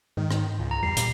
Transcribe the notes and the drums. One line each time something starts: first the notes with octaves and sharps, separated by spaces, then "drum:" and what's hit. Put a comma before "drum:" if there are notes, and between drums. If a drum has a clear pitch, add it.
G#2 D#3
drum: rim click
C#2
A#5
E2 G3 C7
A#2, drum: hi-hat